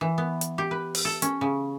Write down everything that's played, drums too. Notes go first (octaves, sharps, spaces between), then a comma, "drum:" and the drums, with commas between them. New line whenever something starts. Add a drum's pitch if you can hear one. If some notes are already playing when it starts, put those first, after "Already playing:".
E3
B3
drum: hi-hat
G4
B4
drum: open hi-hat
A4
C#4, drum: hi-hat
C#3